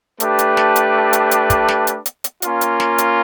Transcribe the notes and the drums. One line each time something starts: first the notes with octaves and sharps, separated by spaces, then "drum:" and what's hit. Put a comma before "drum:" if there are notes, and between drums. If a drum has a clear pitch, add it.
A3 D4 G4 B4, drum: hi-hat
drum: hi-hat
drum: snare
drum: hi-hat
drum: hi-hat
drum: hi-hat
drum: kick, hi-hat
drum: snare
drum: hi-hat
drum: hi-hat
drum: hi-hat
A#3 C#4 F4, drum: hi-hat
drum: hi-hat
drum: snare
drum: hi-hat